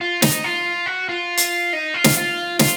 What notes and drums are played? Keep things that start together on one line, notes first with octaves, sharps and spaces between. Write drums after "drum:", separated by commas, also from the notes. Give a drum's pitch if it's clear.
F4
D#4, drum: snare
F4
F#4
F4
drum: hi-hat
D#4
F4
drum: snare
F4
F4, drum: snare